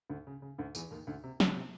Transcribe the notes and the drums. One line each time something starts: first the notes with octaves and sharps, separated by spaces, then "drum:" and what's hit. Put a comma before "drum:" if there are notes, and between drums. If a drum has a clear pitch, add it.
D2 D3
C#3
C#3
D2 D3
E2 E3, drum: tambourine
D#2 D#3
D2 D3
C3
C#3, drum: snare
C3